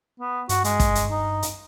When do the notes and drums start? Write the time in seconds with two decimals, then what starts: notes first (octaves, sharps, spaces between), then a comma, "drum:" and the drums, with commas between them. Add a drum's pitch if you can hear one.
0.20 B3
0.49 G2 F#4, drum: hi-hat
0.64 G#3, drum: hi-hat
0.80 drum: kick, hi-hat
0.95 drum: hi-hat
1.11 D#4
1.42 drum: hi-hat